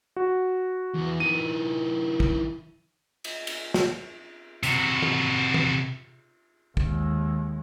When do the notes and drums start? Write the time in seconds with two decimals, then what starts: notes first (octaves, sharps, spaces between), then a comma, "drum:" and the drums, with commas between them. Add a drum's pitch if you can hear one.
0.16 F#4
0.95 E2
1.20 E3 D#4 D#7
2.20 drum: kick
3.24 drum: cymbal
3.47 drum: cymbal
3.74 drum: snare
4.63 C3 F#4, drum: hi-hat
5.02 drum: tom
5.54 drum: tom
6.77 D#2 G#3, drum: kick